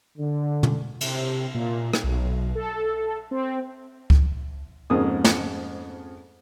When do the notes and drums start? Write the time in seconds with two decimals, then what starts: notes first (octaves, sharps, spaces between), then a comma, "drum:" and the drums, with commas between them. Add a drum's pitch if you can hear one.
0.18 D3
0.63 drum: tom
1.01 C3, drum: cymbal
1.54 A#2
1.93 drum: rim click
2.04 B1
2.55 A4
3.31 C4
4.10 drum: kick C#2
4.90 F2 G#2 C#3 A#3 D#6
5.24 drum: snare